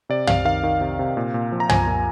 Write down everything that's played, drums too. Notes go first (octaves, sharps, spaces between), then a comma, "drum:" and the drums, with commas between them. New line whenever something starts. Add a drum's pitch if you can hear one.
C3 D5
C3 F5, drum: tom
D#3 F5
D#3
C3
C3
A#2
A#2
F3
A#5
F3 G#5, drum: tom
A#2